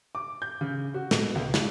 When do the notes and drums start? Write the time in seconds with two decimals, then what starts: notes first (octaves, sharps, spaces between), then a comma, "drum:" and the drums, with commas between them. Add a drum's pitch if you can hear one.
0.15 D6
0.42 G6
0.61 C#3
0.94 F#4
1.11 B2, drum: snare
1.35 C#2
1.54 G2, drum: snare